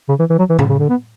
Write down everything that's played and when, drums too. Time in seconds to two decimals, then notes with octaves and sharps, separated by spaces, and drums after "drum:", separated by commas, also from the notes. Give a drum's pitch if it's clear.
0.09 C#3
0.19 E3
0.30 E3
0.39 F#3
0.50 E3
0.59 C#3, drum: tom A2
0.70 C#3
0.79 D3
0.90 B3